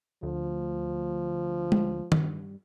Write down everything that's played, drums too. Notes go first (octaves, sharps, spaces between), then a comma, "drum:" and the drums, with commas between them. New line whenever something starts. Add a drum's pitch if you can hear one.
D2 F3
drum: tom
G2, drum: tom